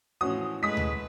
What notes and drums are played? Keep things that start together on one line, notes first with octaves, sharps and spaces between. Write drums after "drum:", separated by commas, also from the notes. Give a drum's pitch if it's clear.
A2 E3 F3 C#4 F#4 D#6
G#3 A3 B4 D#6 B6
drum: tom D2